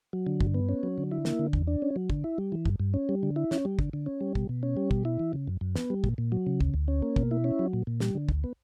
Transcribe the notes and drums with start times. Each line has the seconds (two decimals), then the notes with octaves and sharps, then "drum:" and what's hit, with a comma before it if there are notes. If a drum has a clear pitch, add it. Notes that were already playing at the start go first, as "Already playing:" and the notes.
0.13 F#3
0.27 D3
0.40 G2, drum: kick
0.54 B3
0.69 C#4
0.83 F#3
0.98 D3
1.11 E4
1.25 A#3, drum: snare
1.39 D3
1.53 E2, drum: kick
1.67 D4
1.82 C#4
1.96 F#3
2.10 D3, drum: kick
2.24 E4
2.38 G3
2.52 E3
2.66 G2, drum: kick
2.80 G2
2.94 C#4
3.09 G3
3.23 D3
3.36 E4
3.51 C#4, drum: snare
3.65 G3
3.79 D3, drum: kick
3.93 D3
4.06 C#4
4.21 G3
4.35 B2, drum: kick
4.49 B2
4.63 C#4
4.77 G3
4.91 B2, drum: kick
5.05 E4
5.20 E3
5.33 C#3
5.47 F#2
5.61 F#2
5.75 B3, drum: snare
5.90 G3
6.04 A#2, drum: kick
6.18 A#2
6.32 F#3
6.47 C#3
6.61 D2, drum: kick
6.74 D2
6.88 C#4
7.02 A#3
7.16 B2, drum: kick
7.31 E4
7.44 C#4
7.59 F#3
7.73 A#2
7.87 A#2
8.00 G3, drum: snare
8.15 D3
8.29 D2, drum: kick
8.44 B3